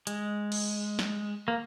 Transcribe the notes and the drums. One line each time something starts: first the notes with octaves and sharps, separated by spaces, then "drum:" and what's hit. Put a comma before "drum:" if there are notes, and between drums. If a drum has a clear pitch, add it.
G#3, drum: hi-hat
drum: cymbal
drum: snare
A#3